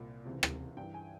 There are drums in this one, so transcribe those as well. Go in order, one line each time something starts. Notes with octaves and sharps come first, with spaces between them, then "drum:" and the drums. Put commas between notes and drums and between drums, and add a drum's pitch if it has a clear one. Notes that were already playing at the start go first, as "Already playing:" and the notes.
Already playing: C2 A#2
C#2 C3 E3
drum: rim click
G2 E3 G5
G#5